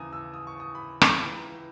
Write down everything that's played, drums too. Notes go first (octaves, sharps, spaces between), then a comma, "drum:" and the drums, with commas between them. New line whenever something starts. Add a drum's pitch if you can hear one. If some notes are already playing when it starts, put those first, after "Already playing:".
Already playing: D#2 C#3 E3 G#5 A#5 D#6
E6
D#6
C#6
D#6
B5
drum: rim click
C#2 C#3 E3 B5
A#5